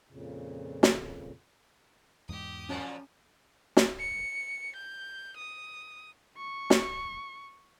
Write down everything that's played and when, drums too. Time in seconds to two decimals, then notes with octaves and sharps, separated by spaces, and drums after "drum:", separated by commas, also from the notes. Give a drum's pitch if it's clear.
0.09 F2 A#2 C#3
0.83 drum: snare
2.29 E2 G#2 G#3 G4 D#6
2.69 A#2 F3 F#3 C#4 A5
3.77 drum: snare
4.00 C#7
4.76 G6
5.38 D#6
6.37 C#6
6.70 drum: snare